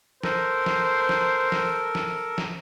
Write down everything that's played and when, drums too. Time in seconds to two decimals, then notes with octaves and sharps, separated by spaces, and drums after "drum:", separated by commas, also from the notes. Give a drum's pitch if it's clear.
0.23 A4 A#4 C5, drum: snare
0.66 drum: snare
1.09 drum: snare
1.52 drum: snare
1.95 drum: snare
2.38 drum: snare